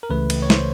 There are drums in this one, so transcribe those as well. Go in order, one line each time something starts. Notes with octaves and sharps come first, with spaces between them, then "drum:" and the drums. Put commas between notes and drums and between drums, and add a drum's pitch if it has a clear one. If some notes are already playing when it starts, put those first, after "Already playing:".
A#4
C#2 C#3 E3 A3 B4
drum: cymbal
C#5
C5, drum: snare